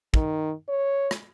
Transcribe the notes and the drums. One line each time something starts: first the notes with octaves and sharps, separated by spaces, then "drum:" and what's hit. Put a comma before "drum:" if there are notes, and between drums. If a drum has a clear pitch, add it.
D#3, drum: kick
C#5
drum: rim click